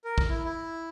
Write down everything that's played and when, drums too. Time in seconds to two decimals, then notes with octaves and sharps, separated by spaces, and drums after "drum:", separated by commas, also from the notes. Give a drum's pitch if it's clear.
0.05 A#4
0.18 drum: kick
0.29 E4
0.45 E4